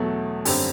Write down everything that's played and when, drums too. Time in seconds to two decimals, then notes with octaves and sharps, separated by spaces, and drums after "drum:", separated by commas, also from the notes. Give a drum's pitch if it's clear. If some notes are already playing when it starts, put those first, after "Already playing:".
Already playing: E2 B2 F#3 A3
0.45 F#2 D3 G3 C4, drum: open hi-hat